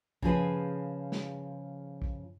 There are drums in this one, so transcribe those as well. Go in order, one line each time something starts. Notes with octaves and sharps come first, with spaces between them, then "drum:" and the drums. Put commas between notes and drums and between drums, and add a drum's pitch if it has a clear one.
C#3 F3 G#4 B4, drum: kick
drum: snare
drum: kick